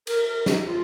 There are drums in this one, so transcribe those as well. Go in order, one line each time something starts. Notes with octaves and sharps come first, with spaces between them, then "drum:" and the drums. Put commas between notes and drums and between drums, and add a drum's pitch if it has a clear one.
A#4, drum: cymbal
A#4
D#4, drum: snare
F4